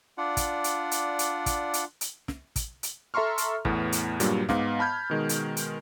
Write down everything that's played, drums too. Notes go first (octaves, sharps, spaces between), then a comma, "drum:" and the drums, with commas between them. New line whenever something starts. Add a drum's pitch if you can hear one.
D4 F4 D5 F#5
drum: kick, hi-hat
drum: hi-hat
drum: hi-hat
drum: hi-hat
drum: kick, hi-hat
drum: hi-hat
drum: hi-hat
drum: snare
drum: kick, hi-hat
drum: hi-hat
A4 E5 A#5 C6 C#6 F6
drum: hi-hat
E2 A2 B3, drum: kick
drum: hi-hat
G2 A#2 F#3 G3, drum: hi-hat
G#2 B3 F5 D6, drum: snare
A5 B5 F6 G6 G#6
B2 D#3 G#3
drum: hi-hat
drum: hi-hat